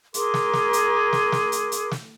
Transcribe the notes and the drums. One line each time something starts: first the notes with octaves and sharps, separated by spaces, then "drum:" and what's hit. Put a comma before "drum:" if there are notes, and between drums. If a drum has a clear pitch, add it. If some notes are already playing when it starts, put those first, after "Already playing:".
G#4 A#4 C6 D6, drum: hi-hat
drum: snare
drum: snare
drum: hi-hat
drum: snare
drum: snare
drum: hi-hat
drum: hi-hat
drum: snare